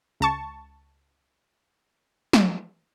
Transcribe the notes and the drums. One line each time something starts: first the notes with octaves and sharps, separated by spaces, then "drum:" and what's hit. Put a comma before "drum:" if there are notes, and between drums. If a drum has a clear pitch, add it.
C#2 A5 C#6
drum: snare